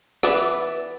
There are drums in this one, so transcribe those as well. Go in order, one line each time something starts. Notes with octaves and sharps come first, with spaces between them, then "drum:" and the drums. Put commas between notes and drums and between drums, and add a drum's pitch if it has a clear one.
E3 B3 B4 D5, drum: snare